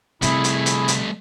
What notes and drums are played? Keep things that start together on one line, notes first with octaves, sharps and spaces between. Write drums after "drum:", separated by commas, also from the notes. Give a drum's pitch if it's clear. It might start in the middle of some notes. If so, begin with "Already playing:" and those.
C3 G3 A3 E4 G#4, drum: hi-hat
drum: hi-hat
drum: hi-hat
drum: hi-hat